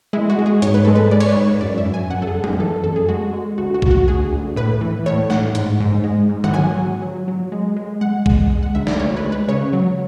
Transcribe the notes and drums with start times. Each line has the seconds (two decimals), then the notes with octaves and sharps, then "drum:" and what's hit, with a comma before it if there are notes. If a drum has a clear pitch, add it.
0.13 G#3 E4
0.30 F#4
0.39 G#3
0.46 G#4
0.62 G#2 C#5, drum: hi-hat
0.74 B4
0.85 G#3 A4
0.95 B4
1.11 G#3 D5
1.20 C#5, drum: cymbal
1.29 B4
1.37 G#2 C#5
1.61 F#2 D5
1.78 E5
1.86 F#2
1.94 G#5
2.10 F#2 F#5
2.22 A4
2.27 G#4
2.35 F#2
2.44 G#4, drum: tom F#3
2.59 E3 A4
2.84 F#2 A4
2.96 G#4
3.09 G#3 F#4
3.33 G#3
3.58 D2 F#4
3.74 F#4
3.82 D2, drum: kick B1
3.91 F#4
4.08 D2 G#4
4.33 D2
4.56 A2 B4
4.81 E3
5.06 A2 C#5
5.30 A2 F#5, drum: snare
5.55 G#2, drum: hi-hat
5.80 G#2
6.04 G#3
6.29 G#2
6.44 F#5, drum: tom D3
6.54 F#3 G#5
6.78 F#3
7.02 F#3
7.28 F#3
7.52 G#3
7.77 G#3
8.01 G#3 F#5
8.26 G#3, drum: kick B1
8.50 G#3
8.63 F#5
8.75 D2 E5
8.87 D5, drum: snare
8.99 D2 C#5
9.17 B4
9.25 G#3
9.32 B4
9.48 C#3 C#5
9.73 F#3